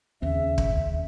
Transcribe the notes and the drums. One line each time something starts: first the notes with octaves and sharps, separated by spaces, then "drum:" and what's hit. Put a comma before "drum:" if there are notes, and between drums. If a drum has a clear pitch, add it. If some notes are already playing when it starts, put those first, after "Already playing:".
D#2 C#3 C4 E5
drum: kick